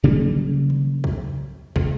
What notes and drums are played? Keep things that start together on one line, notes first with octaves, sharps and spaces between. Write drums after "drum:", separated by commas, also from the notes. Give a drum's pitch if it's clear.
C#3 F#3 G3 A#3
drum: tom D3
drum: kick
C#2, drum: kick